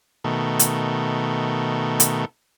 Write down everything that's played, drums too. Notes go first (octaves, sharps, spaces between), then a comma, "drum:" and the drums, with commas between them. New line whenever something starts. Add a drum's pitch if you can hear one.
B2 D#3 A3
drum: hi-hat
drum: hi-hat